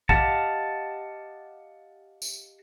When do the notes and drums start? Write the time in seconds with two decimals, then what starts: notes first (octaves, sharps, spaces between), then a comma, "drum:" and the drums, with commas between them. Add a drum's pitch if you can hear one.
0.09 G4 D#5 F5 F#5 A5, drum: kick
2.22 drum: tambourine